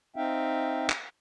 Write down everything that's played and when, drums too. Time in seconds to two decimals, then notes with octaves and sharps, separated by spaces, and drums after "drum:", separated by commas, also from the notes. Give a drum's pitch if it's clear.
0.16 C4 D#4 E5 F5 G5
0.90 drum: clap